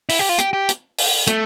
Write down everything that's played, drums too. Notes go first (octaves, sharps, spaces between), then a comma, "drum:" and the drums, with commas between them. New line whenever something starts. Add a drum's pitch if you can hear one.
E4, drum: open hi-hat
G4
F4
G4, drum: hi-hat
G4
drum: hi-hat
drum: open hi-hat
A3, drum: hi-hat